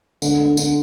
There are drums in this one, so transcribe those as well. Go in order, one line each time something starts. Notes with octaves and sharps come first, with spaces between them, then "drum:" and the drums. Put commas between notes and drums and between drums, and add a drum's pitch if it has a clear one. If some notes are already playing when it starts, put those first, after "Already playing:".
D3, drum: tambourine
D3
D3, drum: tambourine